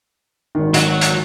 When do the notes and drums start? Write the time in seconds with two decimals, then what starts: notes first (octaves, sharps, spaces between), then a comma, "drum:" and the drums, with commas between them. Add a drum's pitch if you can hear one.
0.55 G#1 D#3
0.74 F#3, drum: hi-hat
1.01 drum: hi-hat